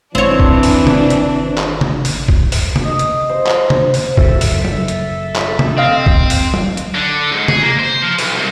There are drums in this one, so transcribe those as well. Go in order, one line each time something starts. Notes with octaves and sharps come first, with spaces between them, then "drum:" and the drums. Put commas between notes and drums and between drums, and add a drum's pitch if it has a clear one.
G#1 E3 C4 D4 C#5
drum: kick
drum: open hi-hat
drum: tom C3
drum: hi-hat
drum: clap
drum: tom C3
drum: open hi-hat
drum: kick
drum: open hi-hat
drum: tom C3
D#5
drum: hi-hat
C5
drum: clap
drum: tom C3
drum: open hi-hat
F#1 A2 A4 E5, drum: kick
drum: open hi-hat
drum: tom F#3
drum: hi-hat
drum: clap
drum: tom C3
C4 D#5 F5
drum: kick
drum: open hi-hat
drum: tom F#3
drum: hi-hat
D3
G#2
G#4, drum: tom C3
A#3
C5
F3
B1, drum: open hi-hat
C2